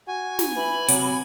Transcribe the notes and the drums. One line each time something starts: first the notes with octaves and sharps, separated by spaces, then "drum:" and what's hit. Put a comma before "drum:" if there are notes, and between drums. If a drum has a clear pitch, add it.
F#4 G#5
drum: snare
E3 B5
C3 F#3, drum: hi-hat